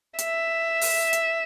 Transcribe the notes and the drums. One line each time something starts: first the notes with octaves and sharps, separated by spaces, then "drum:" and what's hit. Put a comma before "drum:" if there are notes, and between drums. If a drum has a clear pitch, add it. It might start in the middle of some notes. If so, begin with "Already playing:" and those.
E5, drum: hi-hat
drum: open hi-hat
drum: hi-hat